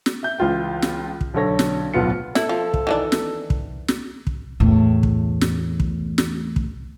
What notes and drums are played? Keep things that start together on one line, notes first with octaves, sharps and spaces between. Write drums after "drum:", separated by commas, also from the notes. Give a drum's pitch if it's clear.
drum: snare
E5 G6
C#2 E3 F4 G5
drum: snare
drum: kick
B1 D3 A4 C#5 A#6
drum: snare
D1 B1 B2 B3 F4 C#7
E4 A4, drum: snare
F3
drum: kick
D#3 E3 D4
drum: snare
drum: kick
drum: snare
drum: kick
E2 A2
drum: kick
drum: snare
drum: kick
drum: snare
drum: kick